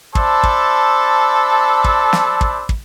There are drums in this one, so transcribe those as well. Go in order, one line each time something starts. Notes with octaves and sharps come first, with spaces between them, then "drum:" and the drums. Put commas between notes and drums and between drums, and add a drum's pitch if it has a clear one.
D4 A4 C5 E5 A5 B5, drum: kick
drum: kick
drum: kick
drum: snare
drum: kick
drum: kick